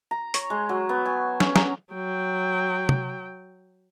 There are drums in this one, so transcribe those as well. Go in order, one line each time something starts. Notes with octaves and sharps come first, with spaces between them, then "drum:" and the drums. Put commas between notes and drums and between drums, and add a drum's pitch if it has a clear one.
A#5
C#5, drum: hi-hat
G#3
F#3
B3
G#5
C#4, drum: snare
A#5, drum: snare
F#3 G5
drum: tom